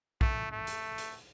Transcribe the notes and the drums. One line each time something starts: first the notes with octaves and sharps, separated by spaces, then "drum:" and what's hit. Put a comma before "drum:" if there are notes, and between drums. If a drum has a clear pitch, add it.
A3, drum: kick A#1
A3
drum: hi-hat
drum: hi-hat